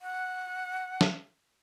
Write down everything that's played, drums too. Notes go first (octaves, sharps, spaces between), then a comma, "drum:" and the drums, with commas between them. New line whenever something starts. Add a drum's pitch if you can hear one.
F#5
drum: snare